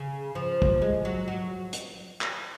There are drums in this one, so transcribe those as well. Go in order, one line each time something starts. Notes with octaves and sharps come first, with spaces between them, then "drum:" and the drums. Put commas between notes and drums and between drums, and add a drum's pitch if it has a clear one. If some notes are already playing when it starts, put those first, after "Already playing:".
Already playing: C#3
F3
drum: kick
G#3
F#3
F#3
drum: hi-hat
drum: clap